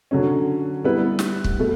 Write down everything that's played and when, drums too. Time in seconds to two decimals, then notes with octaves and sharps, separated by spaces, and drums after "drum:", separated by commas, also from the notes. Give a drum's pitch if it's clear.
0.11 D3 F#3 C#4
0.84 G3 B3 E4 B4
1.19 drum: snare
1.44 drum: kick
1.59 B2 A3